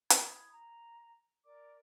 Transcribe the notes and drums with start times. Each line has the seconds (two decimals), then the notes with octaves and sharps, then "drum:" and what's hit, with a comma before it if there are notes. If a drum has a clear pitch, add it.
0.10 E4 B5 D#6 G#6, drum: hi-hat
0.52 A#5
1.43 A#4 D5 D6